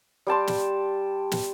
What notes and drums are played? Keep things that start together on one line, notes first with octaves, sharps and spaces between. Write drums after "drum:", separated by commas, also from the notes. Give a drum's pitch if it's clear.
G3 G5 A5 C6
drum: snare
drum: snare